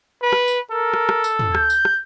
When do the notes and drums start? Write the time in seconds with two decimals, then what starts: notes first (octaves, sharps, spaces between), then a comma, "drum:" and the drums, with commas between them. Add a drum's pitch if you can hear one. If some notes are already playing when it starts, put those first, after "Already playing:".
0.22 B4
0.33 drum: rim click
0.48 drum: tambourine
0.71 A4 A#4
0.94 drum: rim click
1.09 drum: rim click
1.24 drum: tambourine
1.39 drum: tom
1.55 G6, drum: rim click
1.70 drum: tambourine
1.85 drum: rim click